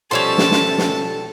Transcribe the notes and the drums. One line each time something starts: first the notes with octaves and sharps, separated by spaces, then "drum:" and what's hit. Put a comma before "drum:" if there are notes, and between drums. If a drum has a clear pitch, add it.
B2 F3 G3 C#4 A4 E5 A5 C6
drum: snare
drum: snare
drum: snare